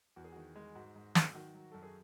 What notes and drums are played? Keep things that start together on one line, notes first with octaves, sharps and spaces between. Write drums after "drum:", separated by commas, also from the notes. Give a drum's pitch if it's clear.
E2 F#4
G#4
D#3 F#4
G#3
G#2 F#4
G#2
F#3, drum: snare
D#3 F#4
F#3
F#2 A4
G#4